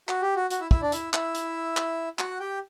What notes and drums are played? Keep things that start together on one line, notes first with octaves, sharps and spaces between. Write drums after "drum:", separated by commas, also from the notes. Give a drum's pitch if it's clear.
F#4, drum: clap
G4
F#4
F#4, drum: hi-hat
E4 E5
E4 E5, drum: kick
D4 D5
E4 E5, drum: hi-hat
E4 E5, drum: clap
drum: hi-hat
drum: clap
F#4 F#5, drum: clap
G4 G5